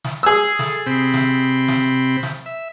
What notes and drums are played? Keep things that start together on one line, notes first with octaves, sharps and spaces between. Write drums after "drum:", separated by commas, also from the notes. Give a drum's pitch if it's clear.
drum: snare
G#4 E6
A4, drum: snare
C3 C4 B5
drum: snare
drum: snare
drum: snare
E5